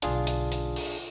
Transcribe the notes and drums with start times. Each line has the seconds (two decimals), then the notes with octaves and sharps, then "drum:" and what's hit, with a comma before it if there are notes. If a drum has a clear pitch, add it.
0.02 B1 D3 D4 F4 G#4, drum: hi-hat
0.27 drum: hi-hat
0.52 drum: hi-hat
0.76 drum: open hi-hat